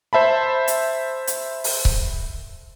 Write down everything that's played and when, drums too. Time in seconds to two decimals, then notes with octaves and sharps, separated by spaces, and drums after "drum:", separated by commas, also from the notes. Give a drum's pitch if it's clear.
0.13 C5 E5 A5 B5
0.68 drum: hi-hat
1.27 drum: hi-hat
1.64 drum: open hi-hat
1.85 drum: kick C#1